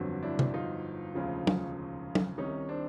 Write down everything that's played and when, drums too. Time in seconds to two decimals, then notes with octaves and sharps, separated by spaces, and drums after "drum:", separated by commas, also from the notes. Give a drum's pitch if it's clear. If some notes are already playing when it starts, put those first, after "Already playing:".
Already playing: G1 F2 D3 F#3
0.23 D4 E4
0.39 drum: tom
0.54 D#4 F4
1.15 E1 D2 C#3 F3
1.47 drum: tom
2.15 drum: tom
2.38 C2 C3 D#3 C#4 D#4
2.69 C4 D4